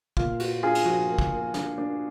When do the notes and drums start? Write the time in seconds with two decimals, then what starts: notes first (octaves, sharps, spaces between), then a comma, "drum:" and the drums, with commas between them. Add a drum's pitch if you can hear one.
0.17 A#2 F4, drum: kick
0.40 A#3 F#4, drum: cymbal
0.63 D4 F4 G#4
0.75 drum: cymbal
0.85 F3 F#4
1.09 A#3
1.19 drum: kick
1.32 A#3
1.54 D4, drum: snare
1.78 D4